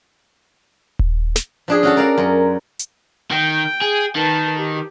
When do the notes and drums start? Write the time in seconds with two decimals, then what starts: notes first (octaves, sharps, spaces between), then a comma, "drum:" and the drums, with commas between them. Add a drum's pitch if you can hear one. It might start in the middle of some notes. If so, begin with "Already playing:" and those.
0.99 drum: kick D#1
1.36 drum: snare
1.68 F3 D4 G#4
1.83 C#4 F#4 A4
1.97 A#4 D5 F5
2.18 F#2
2.79 drum: hi-hat
3.31 D#3 G5
3.81 G#4
4.16 D#3 B4 A5
4.58 G4